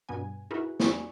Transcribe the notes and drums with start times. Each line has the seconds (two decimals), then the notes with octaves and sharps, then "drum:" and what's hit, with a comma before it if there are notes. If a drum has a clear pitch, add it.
0.09 G2 B2 B3 G#5
0.51 D#4 E4 F#4 G#4 A#4 B4
0.80 D#4 F4 D5 G#5 C#6, drum: snare